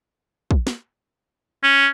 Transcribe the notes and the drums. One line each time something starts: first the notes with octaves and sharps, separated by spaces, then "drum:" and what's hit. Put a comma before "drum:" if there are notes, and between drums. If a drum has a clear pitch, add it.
drum: kick
drum: snare
C#4